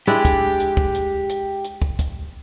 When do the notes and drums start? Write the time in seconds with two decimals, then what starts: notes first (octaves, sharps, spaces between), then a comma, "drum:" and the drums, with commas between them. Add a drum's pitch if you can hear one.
0.07 G#3 D4 E4 G4
0.25 drum: kick, hi-hat
0.60 drum: hi-hat
0.77 drum: kick
0.94 drum: hi-hat
1.29 drum: hi-hat
1.64 drum: hi-hat
1.82 drum: kick
1.99 drum: kick, hi-hat